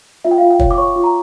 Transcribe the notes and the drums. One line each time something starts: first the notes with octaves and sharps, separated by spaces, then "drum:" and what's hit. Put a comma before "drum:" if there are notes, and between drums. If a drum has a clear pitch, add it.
F4 E5
G5
F4 F5
G5
C#5, drum: kick
D6
C#5 C#6
F4
A#5